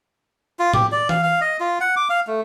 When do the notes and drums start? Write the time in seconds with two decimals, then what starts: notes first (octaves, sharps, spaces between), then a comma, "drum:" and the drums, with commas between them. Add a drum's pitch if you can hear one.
0.59 F4
0.74 G4, drum: tom A2
0.92 D5
1.09 F5, drum: tom E3
1.23 F5
1.41 D#5
1.60 F4
1.80 F#5
1.96 D6
2.10 F5
2.27 A3